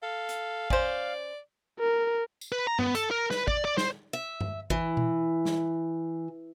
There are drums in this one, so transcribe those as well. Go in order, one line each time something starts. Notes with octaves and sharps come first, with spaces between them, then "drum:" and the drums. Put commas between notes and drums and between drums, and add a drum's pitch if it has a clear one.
A4 F5
drum: hi-hat
C#4 C5 D5, drum: kick
A#4
drum: tambourine
B4
A#5
B3, drum: tom G2
A4, drum: hi-hat
A#4
B4, drum: snare
D5, drum: kick
D5
C5, drum: snare
E5
drum: tom G2
E3, drum: kick
drum: tom B2
drum: snare